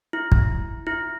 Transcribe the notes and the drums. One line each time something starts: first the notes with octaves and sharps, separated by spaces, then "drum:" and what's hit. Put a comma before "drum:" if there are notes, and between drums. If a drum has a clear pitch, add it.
E4
drum: kick
E4